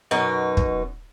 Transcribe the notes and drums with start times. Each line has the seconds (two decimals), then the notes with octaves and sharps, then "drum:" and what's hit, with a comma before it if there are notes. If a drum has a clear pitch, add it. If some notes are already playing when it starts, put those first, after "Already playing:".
0.11 F#2 B2 D#4
0.57 drum: kick